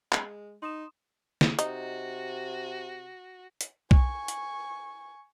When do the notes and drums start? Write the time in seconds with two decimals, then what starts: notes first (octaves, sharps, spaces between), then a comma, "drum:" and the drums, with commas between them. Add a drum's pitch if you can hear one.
0.12 G#3, drum: clap
0.62 D#4 C6 D#6 E7
1.41 drum: snare
1.59 C3 D#4 F#4, drum: hi-hat
3.61 drum: hi-hat
3.91 G#5 C#6, drum: kick B1
4.28 drum: hi-hat